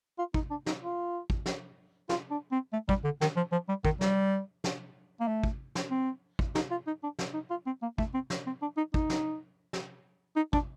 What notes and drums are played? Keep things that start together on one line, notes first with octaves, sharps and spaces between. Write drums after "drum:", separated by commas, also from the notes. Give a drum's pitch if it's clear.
F4
D#4, drum: kick
D4
D#4, drum: snare
F4
drum: kick
drum: snare
F4, drum: snare
D4
C4
A3
G3, drum: kick
D3
D#3, drum: snare
F3
F3
G3
D#3, drum: kick
G3, drum: snare
drum: snare
A#3
A3
drum: kick
drum: snare
C4
drum: kick
D#4, drum: snare
F4
D#4
D4
drum: snare
D#4
F4
C4
A#3
A3, drum: kick
C4
drum: snare
C4
D4
D#4
D#4, drum: kick
drum: snare
drum: snare
D#4
D4, drum: kick